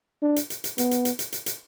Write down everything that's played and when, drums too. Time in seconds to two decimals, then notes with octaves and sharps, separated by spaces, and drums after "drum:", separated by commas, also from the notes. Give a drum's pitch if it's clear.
0.22 D4
0.36 drum: hi-hat
0.50 drum: hi-hat
0.64 drum: hi-hat
0.78 B3, drum: hi-hat
0.91 drum: hi-hat
1.05 drum: hi-hat
1.19 drum: hi-hat
1.32 drum: hi-hat
1.46 drum: hi-hat